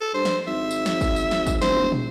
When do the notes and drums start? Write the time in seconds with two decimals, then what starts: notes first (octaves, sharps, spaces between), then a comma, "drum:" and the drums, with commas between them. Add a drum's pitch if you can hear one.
0.01 A4
0.14 G2 C5
0.25 drum: snare
0.47 G#1 E5
0.71 drum: tambourine
0.86 drum: snare
1.01 drum: kick, tambourine
1.16 drum: tambourine
1.31 drum: snare
1.46 drum: kick, tambourine
1.62 E1 C5, drum: snare
1.77 drum: tom
1.92 drum: tom